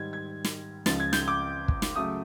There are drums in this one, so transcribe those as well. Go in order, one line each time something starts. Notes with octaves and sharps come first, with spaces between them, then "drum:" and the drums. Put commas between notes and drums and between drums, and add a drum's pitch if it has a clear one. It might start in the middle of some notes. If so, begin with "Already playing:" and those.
Already playing: G#2 D#3 G3 G#6
G#6
drum: snare
C#2 C#3 F3 A6, drum: snare
G#6
G6, drum: snare
D6
drum: kick
drum: snare
C#3 F#3 A3 D#6